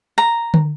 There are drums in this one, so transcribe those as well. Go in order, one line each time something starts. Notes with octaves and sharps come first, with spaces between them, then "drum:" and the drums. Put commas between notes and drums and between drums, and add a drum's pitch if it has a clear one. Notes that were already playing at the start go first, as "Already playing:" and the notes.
A#5
drum: tom D3